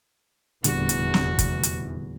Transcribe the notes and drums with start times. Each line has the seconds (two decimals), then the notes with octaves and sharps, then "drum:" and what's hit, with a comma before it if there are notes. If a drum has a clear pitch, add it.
0.64 F1 E2 A#2 D3 G3 F#4, drum: hi-hat
0.89 drum: hi-hat
1.14 drum: snare
1.39 drum: kick, hi-hat
1.63 drum: hi-hat